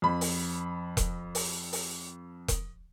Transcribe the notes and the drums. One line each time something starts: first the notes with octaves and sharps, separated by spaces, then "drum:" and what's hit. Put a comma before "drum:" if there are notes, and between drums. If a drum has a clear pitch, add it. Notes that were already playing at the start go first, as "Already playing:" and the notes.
F2 B5
drum: open hi-hat
drum: kick E1, hi-hat
drum: open hi-hat
drum: open hi-hat
drum: kick E1, hi-hat